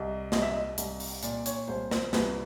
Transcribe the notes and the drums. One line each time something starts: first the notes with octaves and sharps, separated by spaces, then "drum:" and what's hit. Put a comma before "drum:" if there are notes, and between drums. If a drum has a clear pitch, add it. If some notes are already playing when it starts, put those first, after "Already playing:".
Already playing: C2 D#5
C2 D#5, drum: snare
E5
D#5
C2, drum: hi-hat
drum: open hi-hat
A#2 D5, drum: hi-hat
C#5, drum: hi-hat
C2 C5
C5, drum: snare
C2 B4, drum: snare